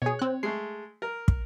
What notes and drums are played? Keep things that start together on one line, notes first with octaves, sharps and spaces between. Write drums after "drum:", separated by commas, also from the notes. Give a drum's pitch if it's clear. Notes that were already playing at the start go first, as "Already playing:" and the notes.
B2 G#4 C#5
C4 F#6
G#3 A3 C7
A#4
drum: kick